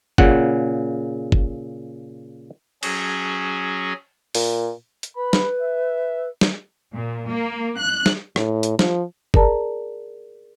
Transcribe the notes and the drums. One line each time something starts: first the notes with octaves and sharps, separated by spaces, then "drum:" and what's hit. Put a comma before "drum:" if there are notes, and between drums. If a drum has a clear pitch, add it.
A#2 C#3 F#5, drum: kick
drum: kick
F#3 C#4 F#4 G#4, drum: cymbal
A#2, drum: open hi-hat
drum: hi-hat
B4 B5
drum: snare
E5
drum: snare
A#2
A#3
F#6
drum: snare
A2, drum: rim click
drum: hi-hat
F3, drum: snare
G#4 A#4 D5 A5 A#5, drum: kick